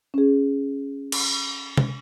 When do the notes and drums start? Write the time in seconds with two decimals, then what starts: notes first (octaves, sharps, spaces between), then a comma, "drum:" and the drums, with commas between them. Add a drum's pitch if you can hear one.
0.14 C#4 G#4
1.12 drum: cymbal
1.77 drum: tom C3